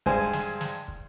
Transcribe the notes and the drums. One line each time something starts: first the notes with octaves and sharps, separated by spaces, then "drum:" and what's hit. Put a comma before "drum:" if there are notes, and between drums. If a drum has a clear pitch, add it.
G2 G#3 C5 G#5, drum: kick
drum: snare
drum: snare
drum: kick